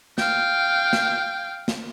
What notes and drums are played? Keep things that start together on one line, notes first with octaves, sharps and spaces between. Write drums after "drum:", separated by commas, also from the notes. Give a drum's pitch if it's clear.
F5 G5, drum: snare
drum: snare
drum: snare